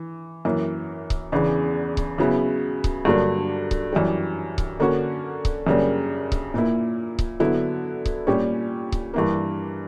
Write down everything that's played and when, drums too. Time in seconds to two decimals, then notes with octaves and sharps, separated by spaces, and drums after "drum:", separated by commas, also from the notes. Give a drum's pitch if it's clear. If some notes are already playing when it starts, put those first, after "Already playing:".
Already playing: E3
0.45 F#2 E3 A#3
1.10 drum: kick C#1
1.32 E2 C#3 E3 B3 D4
1.97 drum: kick C#1
2.18 C#3 F#3 B3 E4
2.84 drum: kick C#1
3.05 G2 D3 F#3 A#3 D4
3.71 drum: kick C#1
3.93 F#2 E3 G3
4.58 drum: kick C#1
4.80 D3 A#3 C#4 F#4
5.45 drum: kick C#1
5.67 F#2 C#3 G3 A#3 D4
6.32 drum: kick C#1
6.54 A#2 A#3 E4
7.19 drum: kick C#1
7.40 D3 F#3 B3 E4
8.05 drum: kick C#1
8.27 A#2 G3 C#4 G4
8.92 drum: kick C#1
9.14 G2 E3 A#3